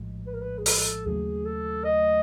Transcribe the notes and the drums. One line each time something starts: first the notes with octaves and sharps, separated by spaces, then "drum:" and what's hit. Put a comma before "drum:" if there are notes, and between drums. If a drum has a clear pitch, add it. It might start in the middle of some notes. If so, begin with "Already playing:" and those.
Already playing: A#1 A2 F3 G#3
B4
A#4
B4
G#4
A4, drum: open hi-hat
D#2 C#3 F#3 A3 G#4
A4
D#5